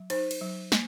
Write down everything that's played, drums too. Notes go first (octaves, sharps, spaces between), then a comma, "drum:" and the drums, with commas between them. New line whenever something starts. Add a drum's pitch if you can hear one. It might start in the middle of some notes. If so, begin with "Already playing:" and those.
Already playing: F#3
D#4 C5, drum: cymbal
drum: cymbal
F#3
A#3, drum: snare